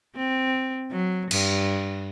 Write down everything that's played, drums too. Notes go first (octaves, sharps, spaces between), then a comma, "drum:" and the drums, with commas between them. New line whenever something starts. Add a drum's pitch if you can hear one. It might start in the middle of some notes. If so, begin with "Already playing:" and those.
C4
F#3
G2, drum: cymbal